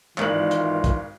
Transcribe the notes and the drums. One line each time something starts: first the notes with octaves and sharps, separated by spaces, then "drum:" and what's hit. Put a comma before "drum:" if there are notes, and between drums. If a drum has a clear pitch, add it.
G#1 D#3 E3 F4 A#4 D5 F#5 F#7, drum: clap
drum: hi-hat
drum: kick, hi-hat